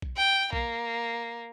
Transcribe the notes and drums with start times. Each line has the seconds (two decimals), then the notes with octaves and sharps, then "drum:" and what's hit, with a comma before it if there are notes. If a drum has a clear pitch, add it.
0.02 drum: kick A#1
0.16 G5
0.53 A#3, drum: kick A#1